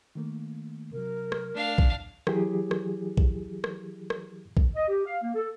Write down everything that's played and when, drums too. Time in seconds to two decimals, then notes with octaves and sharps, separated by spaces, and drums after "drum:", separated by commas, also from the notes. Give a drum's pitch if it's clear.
0.15 D#3 A3 A#3
0.93 C3 F#3 A#4
1.32 drum: rim click
1.55 A3 D4 F5
1.78 drum: kick A#1
2.27 E3 F#3 E4 G4 G#4, drum: rim click
2.71 drum: rim click
3.17 drum: kick A#1
3.64 drum: rim click
4.10 drum: rim click
4.57 drum: kick A#1
4.76 D#5
4.89 G4
5.06 F5
5.23 A#3
5.35 A4